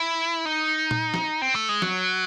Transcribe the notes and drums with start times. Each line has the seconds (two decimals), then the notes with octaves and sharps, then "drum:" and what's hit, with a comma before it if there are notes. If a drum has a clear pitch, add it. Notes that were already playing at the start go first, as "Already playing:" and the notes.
Already playing: E4
0.46 D#4
0.91 drum: tom A#2
1.14 drum: snare
1.42 C4
1.55 A3
1.69 G#3
1.82 F#3, drum: snare